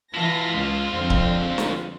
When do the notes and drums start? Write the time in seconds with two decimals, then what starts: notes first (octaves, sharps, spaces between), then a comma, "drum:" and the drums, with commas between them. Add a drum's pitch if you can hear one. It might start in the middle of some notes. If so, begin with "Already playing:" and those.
0.14 E3 E4 F4 A5 A#6
0.54 C#2 G#3 F4
0.91 F2 D3 C4
1.10 drum: kick C#1
1.58 drum: snare